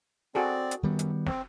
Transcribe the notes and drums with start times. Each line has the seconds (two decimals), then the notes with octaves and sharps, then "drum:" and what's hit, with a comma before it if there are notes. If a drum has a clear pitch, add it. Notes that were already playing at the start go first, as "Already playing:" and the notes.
0.35 C4 F#4 G#4 A4 D5
0.71 drum: hi-hat
0.83 F#2 D#3 G3 B3
0.99 drum: hi-hat
1.27 C4, drum: snare